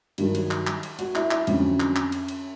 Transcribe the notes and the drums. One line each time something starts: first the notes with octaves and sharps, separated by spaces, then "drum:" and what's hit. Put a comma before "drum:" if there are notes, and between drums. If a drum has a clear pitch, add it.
G2 D#3 F#3, drum: cymbal
drum: cymbal
drum: clap
drum: clap
drum: cymbal
F#4, drum: cymbal
E4, drum: clap
E4, drum: clap
F2 D3 F#3 C#4, drum: cymbal
drum: clap
drum: clap
drum: cymbal
drum: cymbal